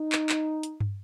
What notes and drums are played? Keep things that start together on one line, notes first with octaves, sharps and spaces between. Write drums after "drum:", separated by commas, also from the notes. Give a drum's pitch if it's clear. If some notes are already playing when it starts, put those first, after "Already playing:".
Already playing: D#4
drum: clap
drum: clap
drum: hi-hat
drum: tom G2